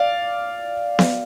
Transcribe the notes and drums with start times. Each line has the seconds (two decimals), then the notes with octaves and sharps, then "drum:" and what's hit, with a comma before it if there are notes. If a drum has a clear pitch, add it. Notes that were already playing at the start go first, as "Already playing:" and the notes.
Already playing: D5 F5
0.99 drum: snare B3